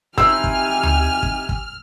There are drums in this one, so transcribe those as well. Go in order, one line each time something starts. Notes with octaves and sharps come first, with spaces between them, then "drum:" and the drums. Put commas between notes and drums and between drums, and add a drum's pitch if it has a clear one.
C4 D#4 E4 G4 G#5 E6 F6, drum: kick
drum: kick
drum: tom D2
drum: kick
drum: kick